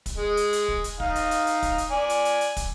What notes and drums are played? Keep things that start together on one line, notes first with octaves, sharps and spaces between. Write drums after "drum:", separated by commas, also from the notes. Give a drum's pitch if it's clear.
drum: kick, hi-hat
G#3
drum: hi-hat
drum: hi-hat
drum: kick
drum: hi-hat
D#4 F5, drum: kick
drum: hi-hat
drum: hi-hat
drum: hi-hat
drum: kick, hi-hat
drum: hi-hat
D5 G#5
drum: hi-hat
drum: hi-hat
drum: hi-hat
drum: kick, hi-hat